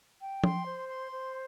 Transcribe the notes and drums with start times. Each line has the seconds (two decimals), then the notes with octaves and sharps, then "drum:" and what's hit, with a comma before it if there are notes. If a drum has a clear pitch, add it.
0.20 G5
0.44 C6, drum: tom F3
0.66 C5
0.89 C6
1.12 C5